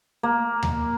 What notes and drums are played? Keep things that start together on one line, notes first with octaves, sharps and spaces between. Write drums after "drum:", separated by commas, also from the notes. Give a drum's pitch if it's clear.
A#3
drum: tom D#2